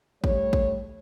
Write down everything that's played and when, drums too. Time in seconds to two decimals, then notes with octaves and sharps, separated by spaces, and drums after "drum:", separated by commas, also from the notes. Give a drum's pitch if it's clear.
0.24 G3 A3 C#5, drum: kick
0.53 drum: kick